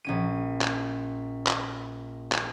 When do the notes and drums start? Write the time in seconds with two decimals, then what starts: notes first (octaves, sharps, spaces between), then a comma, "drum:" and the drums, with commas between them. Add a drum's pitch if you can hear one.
0.05 A#1 C#4 D#7
0.61 drum: clap
1.47 drum: clap
2.32 drum: clap